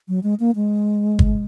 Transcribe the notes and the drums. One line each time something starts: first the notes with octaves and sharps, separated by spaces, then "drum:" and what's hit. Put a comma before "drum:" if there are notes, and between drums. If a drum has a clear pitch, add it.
F#3
G#3
A#3
G#3
drum: kick G1